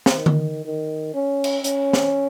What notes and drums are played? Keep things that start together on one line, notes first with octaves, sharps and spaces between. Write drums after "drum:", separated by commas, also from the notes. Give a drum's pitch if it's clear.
drum: snare
D#3
drum: tom D3
D#3
C#4
drum: cymbal
C#4, drum: hi-hat
drum: snare